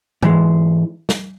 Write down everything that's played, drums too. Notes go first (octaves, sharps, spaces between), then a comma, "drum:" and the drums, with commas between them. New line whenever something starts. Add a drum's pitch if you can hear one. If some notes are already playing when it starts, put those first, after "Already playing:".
G#2 E3 G#3, drum: tom G#2
drum: snare